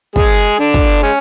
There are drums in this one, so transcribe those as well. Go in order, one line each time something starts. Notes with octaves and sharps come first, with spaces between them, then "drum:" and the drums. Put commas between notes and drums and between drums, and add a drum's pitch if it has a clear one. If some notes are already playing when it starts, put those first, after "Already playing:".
G#3 G#4, drum: kick
D3 D4
drum: kick
G#3 C#4